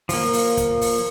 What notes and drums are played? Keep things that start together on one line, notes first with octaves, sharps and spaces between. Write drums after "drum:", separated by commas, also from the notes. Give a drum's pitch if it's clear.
F3 A#3, drum: open hi-hat
drum: open hi-hat
drum: kick, hi-hat
drum: open hi-hat